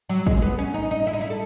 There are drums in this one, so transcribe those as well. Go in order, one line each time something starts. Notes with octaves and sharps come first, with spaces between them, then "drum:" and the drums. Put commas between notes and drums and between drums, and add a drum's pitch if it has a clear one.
F#3
G#3, drum: kick
B3
C#4
D#4
D#4
E4
D#4
E4
A4